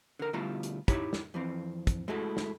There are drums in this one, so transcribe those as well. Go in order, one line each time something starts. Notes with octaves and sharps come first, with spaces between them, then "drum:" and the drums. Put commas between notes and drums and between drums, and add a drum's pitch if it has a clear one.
D3 A#4
D2 B2 G3 E4 F4 A#5
drum: hi-hat
D#4 E4 G4 C#5 B5, drum: kick, hi-hat
drum: snare
F2 E3 C4
drum: kick, hi-hat
G#3 A3 E4 F#4 A4
drum: snare